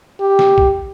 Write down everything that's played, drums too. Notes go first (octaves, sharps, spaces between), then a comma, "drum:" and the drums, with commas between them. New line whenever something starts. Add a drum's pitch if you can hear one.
G4
drum: snare
drum: kick